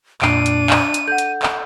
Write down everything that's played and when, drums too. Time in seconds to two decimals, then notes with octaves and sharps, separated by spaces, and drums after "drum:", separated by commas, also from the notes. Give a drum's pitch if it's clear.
0.22 F2 A#2 D4 C7 D7 D#7, drum: clap
0.46 drum: hi-hat
0.70 drum: clap
0.94 drum: hi-hat
1.08 A4 F#5 G6
1.18 drum: hi-hat
1.43 drum: clap